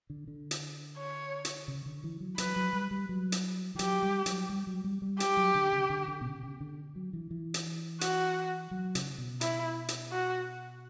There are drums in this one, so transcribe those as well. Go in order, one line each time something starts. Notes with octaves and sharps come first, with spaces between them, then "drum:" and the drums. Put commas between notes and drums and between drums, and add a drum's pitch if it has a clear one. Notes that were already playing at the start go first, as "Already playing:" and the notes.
D3
D3
drum: hi-hat
C#5
drum: hi-hat
C#3
D3
E3
F#3
F#3 B4, drum: hi-hat
F#3
G3
G3
F#3
drum: hi-hat
E3
F#3 G4, drum: hi-hat
G3
F#3, drum: hi-hat
G3
F#3
G3
G3
G4, drum: hi-hat
F#3
D3
C#3
D3
D3
B2
C#3
C#3
D3
F#3
E3
E3
drum: hi-hat
F#4, drum: hi-hat
F#3
C#3, drum: hi-hat
B2
E4, drum: hi-hat
drum: hi-hat
F#4